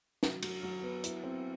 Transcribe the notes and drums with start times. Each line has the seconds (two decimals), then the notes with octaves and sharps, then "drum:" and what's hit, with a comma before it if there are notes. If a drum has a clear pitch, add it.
0.23 F#3, drum: snare
0.43 F#3, drum: cymbal
0.63 F#3
0.83 B3
1.04 E4, drum: hi-hat
1.24 C4